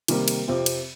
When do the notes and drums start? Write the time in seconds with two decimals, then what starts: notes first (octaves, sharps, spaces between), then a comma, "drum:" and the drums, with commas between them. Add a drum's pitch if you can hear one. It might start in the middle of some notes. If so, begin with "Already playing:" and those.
0.08 C3 D#3 G3 A#3, drum: cymbal
0.28 drum: cymbal
0.48 F2 C3 F3 C4 F4
0.66 drum: cymbal